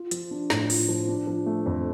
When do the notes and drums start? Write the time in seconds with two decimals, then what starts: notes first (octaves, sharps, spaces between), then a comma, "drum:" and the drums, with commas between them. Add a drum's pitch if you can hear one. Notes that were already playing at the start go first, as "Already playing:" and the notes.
Already playing: F4
0.11 F3, drum: hi-hat
0.31 D4
0.50 A2, drum: snare
0.70 F4, drum: open hi-hat
0.88 F3
1.08 D4
1.27 F3
1.46 A3
1.66 F2